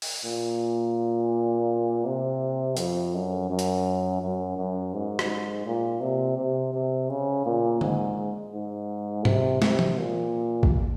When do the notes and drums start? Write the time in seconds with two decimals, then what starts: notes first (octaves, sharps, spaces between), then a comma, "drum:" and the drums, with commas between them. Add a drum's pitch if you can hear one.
0.02 drum: open hi-hat
0.25 A#2
2.05 C3
2.77 F2, drum: hi-hat
3.14 F#2
3.50 F#2
3.59 drum: hi-hat
4.22 F#2
4.57 F#2
4.94 G#2
5.19 drum: rim click
5.65 A#2
6.01 C3
6.38 C3
6.73 C3
7.09 C#3
7.46 A#2
7.81 G#2, drum: tom D3
8.54 G#2
9.25 C3, drum: tom G#2
9.62 C3, drum: snare
9.79 drum: tom E3
9.98 A#2
10.63 drum: kick A1